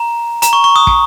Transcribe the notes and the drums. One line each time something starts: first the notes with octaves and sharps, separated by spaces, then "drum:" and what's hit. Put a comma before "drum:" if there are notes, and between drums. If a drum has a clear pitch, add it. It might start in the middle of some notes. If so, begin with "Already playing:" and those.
Already playing: A#5
A#5, drum: hi-hat
C#6
C#6
D#6
drum: kick